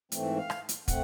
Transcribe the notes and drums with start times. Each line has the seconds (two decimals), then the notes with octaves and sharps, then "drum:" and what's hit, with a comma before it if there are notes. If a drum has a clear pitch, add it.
0.12 G#2 E3 A3 C4, drum: hi-hat
0.37 F5
0.50 drum: rim click
0.69 drum: hi-hat
0.88 A3 C4 F#5, drum: kick, hi-hat